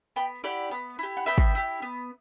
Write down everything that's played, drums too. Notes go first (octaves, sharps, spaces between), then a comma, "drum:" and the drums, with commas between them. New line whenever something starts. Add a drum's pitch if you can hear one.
B3 G5 B5
E4 G4 D5 F#5
B3
E4 G4
F#5
B3 E5 G5
drum: kick
E4 G4
B3